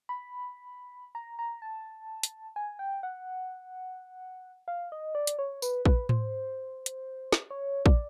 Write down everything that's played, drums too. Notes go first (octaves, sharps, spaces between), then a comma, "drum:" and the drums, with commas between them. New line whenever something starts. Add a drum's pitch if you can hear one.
B5
A#5
A#5
A5
drum: hi-hat
G#5
G5
F#5
F5
D#5
D5
drum: hi-hat
C#5
B4, drum: tambourine
B4, drum: kick
C5, drum: tom A2
drum: hi-hat
drum: snare
C#5
D5, drum: kick